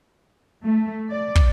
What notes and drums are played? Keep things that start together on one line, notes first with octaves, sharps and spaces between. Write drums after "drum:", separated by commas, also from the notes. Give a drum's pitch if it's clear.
A3
D5
drum: kick